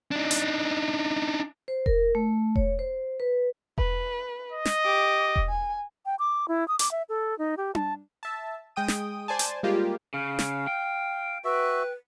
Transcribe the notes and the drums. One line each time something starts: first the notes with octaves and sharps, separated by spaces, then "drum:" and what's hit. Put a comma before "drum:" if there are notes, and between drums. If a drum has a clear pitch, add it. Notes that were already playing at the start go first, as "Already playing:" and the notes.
D4 D#4
drum: hi-hat
C5
A#4, drum: kick E1
A3
C#5, drum: kick E1
C5
B4
B4, drum: kick E1
D#5
drum: snare
G4 D6
drum: kick E1
G#5
G5
D6
E4
D#6
D6, drum: hi-hat
E5
A4
D#4
G4
A5, drum: tom D4
E5 A5
G#3 G5 D#6 D#7
drum: snare
C5 D5 G#5 A5
drum: hi-hat
G3 G#3 A#3 F4 G4
C#3 F5
drum: snare
G5
F#4 B4 E5